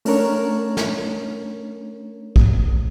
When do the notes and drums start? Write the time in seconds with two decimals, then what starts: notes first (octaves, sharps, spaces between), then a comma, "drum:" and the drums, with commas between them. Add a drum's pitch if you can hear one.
0.05 A3 C#4 D4 A#4 C#5, drum: open hi-hat
0.77 drum: snare
2.36 drum: kick